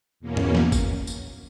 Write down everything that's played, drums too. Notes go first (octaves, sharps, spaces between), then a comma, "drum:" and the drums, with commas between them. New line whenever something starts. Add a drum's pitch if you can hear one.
E2 B2 A#3 C#4
drum: tom G2
drum: snare
drum: kick G1, tambourine
drum: tambourine